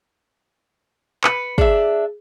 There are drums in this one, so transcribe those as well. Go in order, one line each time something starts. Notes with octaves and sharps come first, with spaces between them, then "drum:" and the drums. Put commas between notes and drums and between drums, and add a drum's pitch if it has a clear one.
B4 C#7, drum: clap
D4 G#4 E5, drum: kick